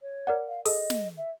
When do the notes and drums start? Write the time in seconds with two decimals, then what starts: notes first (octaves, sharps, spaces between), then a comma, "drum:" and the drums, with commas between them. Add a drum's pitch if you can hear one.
0.01 C#5
0.27 A#4 D5 F#5
0.48 F5
0.65 G#4 A4 D#5 D#6, drum: open hi-hat
0.90 drum: snare
1.17 E5